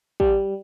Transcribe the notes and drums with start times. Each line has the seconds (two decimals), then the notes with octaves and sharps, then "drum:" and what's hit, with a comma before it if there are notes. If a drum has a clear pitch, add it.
0.20 G3, drum: kick